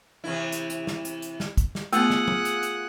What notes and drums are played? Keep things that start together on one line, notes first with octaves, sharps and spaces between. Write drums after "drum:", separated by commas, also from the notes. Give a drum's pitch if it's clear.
C3 E3 E4
drum: hi-hat
drum: hi-hat
drum: snare
drum: hi-hat
drum: hi-hat
drum: snare
drum: kick, hi-hat
drum: snare
A3 B3 F4 G#4 F#5 E6, drum: hi-hat
drum: snare
drum: tom
drum: hi-hat
drum: hi-hat